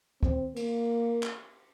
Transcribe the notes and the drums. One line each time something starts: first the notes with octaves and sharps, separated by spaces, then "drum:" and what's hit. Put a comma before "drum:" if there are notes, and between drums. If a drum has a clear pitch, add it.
C4, drum: kick
A#3, drum: cymbal
drum: clap